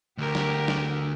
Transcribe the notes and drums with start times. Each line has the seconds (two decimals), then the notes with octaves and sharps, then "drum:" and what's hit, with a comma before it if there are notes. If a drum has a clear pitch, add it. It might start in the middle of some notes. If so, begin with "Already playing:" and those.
0.18 D2 G4 A#4
0.35 drum: snare
0.68 drum: snare